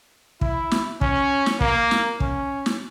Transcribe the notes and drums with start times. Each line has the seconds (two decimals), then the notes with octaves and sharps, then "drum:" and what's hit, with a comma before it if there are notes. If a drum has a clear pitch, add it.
0.41 E4, drum: kick
0.71 drum: snare
1.01 C#4, drum: kick
1.46 drum: snare
1.61 A#3, drum: kick
1.91 drum: snare
2.20 C#4, drum: kick
2.66 drum: snare